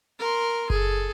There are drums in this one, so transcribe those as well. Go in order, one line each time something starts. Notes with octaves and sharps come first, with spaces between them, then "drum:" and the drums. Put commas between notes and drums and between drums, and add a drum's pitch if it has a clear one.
A#4 C6
G#4 A4, drum: kick F#1